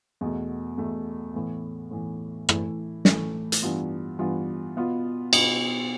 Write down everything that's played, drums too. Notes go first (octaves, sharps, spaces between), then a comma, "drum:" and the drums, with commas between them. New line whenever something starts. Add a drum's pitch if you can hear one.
E2 B2 A3
E2 B2 A3
A2 E3 B3
A2 E3 B3
A2 E3 A3 E4, drum: rim click
A2 E3 A3 E4, drum: snare
drum: hi-hat
G2 E3 B3 F4
G2 E3 B3 F4
B2 B3 F4
B2 B3 F4, drum: cymbal